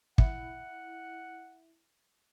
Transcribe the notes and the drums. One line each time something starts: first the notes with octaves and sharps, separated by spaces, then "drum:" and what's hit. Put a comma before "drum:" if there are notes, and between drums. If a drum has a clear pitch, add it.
E4 F#5, drum: kick